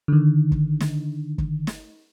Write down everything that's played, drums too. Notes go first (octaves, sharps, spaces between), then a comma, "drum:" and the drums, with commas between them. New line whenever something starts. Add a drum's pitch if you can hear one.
D3 D#3
drum: kick
drum: snare
drum: kick
drum: snare